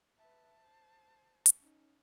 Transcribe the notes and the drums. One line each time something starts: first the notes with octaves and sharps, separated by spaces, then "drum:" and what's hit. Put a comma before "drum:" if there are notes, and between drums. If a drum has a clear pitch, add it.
B4 E5 A5
C5
drum: hi-hat
C#4 D#4